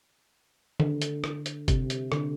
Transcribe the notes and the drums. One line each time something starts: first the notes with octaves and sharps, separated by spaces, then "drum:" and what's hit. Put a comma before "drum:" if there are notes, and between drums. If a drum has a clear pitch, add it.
D3, drum: tom D#3
drum: hi-hat
drum: rim click
drum: hi-hat
C3, drum: kick F#1, hi-hat
drum: hi-hat
D3, drum: rim click